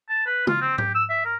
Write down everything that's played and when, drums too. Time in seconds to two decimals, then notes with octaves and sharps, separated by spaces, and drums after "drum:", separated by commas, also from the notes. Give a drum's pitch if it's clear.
0.09 A5
0.26 B4
0.47 F4, drum: tom C#3
0.61 C4
0.78 G4, drum: tom G#2
0.95 E6
1.09 E5
1.25 A#4